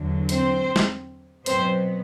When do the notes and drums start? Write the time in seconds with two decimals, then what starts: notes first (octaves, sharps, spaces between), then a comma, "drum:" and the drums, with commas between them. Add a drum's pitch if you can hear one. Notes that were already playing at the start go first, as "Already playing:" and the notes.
Already playing: E2 D3 F#3
0.29 C4 C5, drum: hi-hat
0.76 drum: snare
1.46 B2 F#3 B3 C4 C5, drum: hi-hat